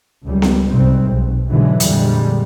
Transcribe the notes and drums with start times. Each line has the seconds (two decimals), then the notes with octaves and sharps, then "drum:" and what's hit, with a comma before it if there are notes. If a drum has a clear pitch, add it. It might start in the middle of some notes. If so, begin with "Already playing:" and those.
0.25 C#2 G3
0.42 drum: snare B3
0.67 C2 G#2 C4
1.08 B1
1.50 G#2 B2 D3 E3 F#3 G#3
1.80 F2 A#2 D3 G3 G#3, drum: hi-hat